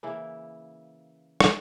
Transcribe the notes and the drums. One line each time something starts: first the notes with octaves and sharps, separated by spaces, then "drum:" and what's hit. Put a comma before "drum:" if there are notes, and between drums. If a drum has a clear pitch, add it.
C#3 E3 A#3 E4
drum: rim click